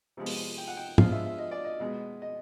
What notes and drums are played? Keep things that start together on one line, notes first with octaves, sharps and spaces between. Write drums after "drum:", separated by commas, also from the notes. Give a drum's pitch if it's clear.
C3 F3 G#3 B3
drum: open hi-hat
G5
F#5
G5
F3 G#3 B3 D4 F4 F5, drum: tom
E5
E5
D#5
D5
D#5
B2 G#3 B3
D#5